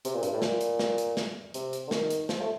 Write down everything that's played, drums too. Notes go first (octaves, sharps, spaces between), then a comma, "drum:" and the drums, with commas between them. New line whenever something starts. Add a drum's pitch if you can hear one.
C3, drum: hi-hat
A#2
G2, drum: hi-hat
A2
A#2, drum: snare
drum: hi-hat
drum: snare
drum: hi-hat
drum: snare
C3, drum: hi-hat
drum: hi-hat
D3
D#3, drum: snare
drum: hi-hat
F3, drum: snare
A3